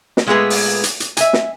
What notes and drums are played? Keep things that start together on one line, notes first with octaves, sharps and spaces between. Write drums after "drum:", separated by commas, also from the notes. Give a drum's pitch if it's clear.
drum: snare
A#2 G#3 A3 B3 G#4 B4
drum: open hi-hat
drum: hi-hat
drum: hi-hat
E5 G#5, drum: hi-hat
drum: snare